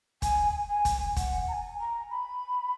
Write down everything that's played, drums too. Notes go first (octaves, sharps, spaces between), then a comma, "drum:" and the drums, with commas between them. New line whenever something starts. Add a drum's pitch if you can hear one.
G#5, drum: kick, hi-hat
G#5
drum: kick, hi-hat
F#5, drum: kick, hi-hat
A#5
G#5
A#5
B5